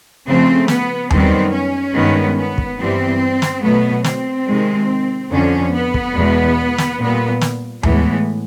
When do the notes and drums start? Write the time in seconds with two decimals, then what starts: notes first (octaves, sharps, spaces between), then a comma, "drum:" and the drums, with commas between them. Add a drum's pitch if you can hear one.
0.26 C#3 F3 A3 C4
0.68 B3, drum: snare
1.10 F#2 D#3 G3 B3 C4, drum: tom D#2
1.52 C#4
1.95 G2 D#3 G#3 B3
2.37 B3
2.58 drum: kick
2.79 G2 E3 G3 B3 C4
3.42 drum: snare
3.62 B2 F#3 A3 B3
4.04 C4, drum: snare
4.47 C3 D#3 G#3
5.31 F2 D3 F3 C#4
5.73 B3
5.94 drum: kick
6.15 E2 B2 G#3
6.78 drum: snare
6.99 A#2 G3 B3
7.41 drum: snare
7.83 A2 E3 G#3 B3, drum: tom D#2